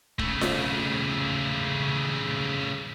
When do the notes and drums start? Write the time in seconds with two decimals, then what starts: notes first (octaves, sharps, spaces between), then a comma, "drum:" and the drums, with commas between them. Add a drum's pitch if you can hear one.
0.19 C#3 A3, drum: kick
0.41 drum: snare F4